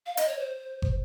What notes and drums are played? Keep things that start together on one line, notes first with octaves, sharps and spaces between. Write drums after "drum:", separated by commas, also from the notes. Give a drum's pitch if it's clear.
F5
D#5, drum: hi-hat
C#5
C5
drum: kick